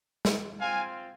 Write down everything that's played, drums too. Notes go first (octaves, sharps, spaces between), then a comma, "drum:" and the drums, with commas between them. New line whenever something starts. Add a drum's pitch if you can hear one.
drum: snare
C4 F4 F5 G#5